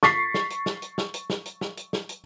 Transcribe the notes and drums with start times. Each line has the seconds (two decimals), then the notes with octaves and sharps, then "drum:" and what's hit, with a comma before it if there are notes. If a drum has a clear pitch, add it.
0.03 C#6 A6 B6 C7, drum: snare
0.34 drum: snare
0.50 drum: hi-hat
0.66 drum: snare
0.82 drum: hi-hat
0.98 drum: snare
1.14 drum: hi-hat
1.30 drum: snare
1.45 drum: hi-hat
1.61 drum: snare
1.77 drum: hi-hat
1.93 drum: snare
2.09 drum: hi-hat